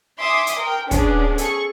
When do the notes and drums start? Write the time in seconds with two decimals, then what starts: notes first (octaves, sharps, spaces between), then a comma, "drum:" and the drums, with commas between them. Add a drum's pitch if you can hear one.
0.21 E5 G#5 C6 D6 D#6
0.47 drum: hi-hat
0.59 A#4 G5
0.91 B3 C#4 D4 G#4, drum: kick, hi-hat
1.38 G#4 A4 C#6, drum: hi-hat